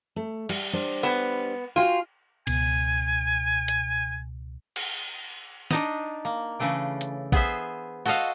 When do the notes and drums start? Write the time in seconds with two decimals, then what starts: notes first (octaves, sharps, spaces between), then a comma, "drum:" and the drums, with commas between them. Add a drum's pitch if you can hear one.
0.16 A3
0.49 G3, drum: cymbal
0.73 G3 D4 C5
1.03 B3
1.76 F4 F#4 G5 G#5
2.47 C#2 B2 G#5, drum: cymbal
3.68 drum: hi-hat
4.76 drum: cymbal
5.71 D4 D#4 D#5, drum: snare
6.25 A#3
6.59 C#3 E3 A3 D4
7.01 drum: hi-hat
7.32 B3 G#4 C5 E5, drum: kick A#1
8.06 F#4 A4 C5 D#5 F5, drum: open hi-hat